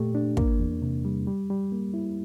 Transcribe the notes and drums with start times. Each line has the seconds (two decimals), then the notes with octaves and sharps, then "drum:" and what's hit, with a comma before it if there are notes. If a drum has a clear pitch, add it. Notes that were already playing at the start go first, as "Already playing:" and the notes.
Already playing: A#2 A3 G4
0.15 D4
0.37 A#3, drum: kick
0.59 E2
0.82 C3
1.05 G3
1.27 G3
1.50 G3
1.72 A#3
1.94 E4